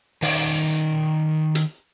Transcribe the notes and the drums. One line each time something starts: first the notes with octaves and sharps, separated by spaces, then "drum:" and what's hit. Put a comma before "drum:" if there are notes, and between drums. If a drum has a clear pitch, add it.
D#3 D5, drum: open hi-hat
drum: hi-hat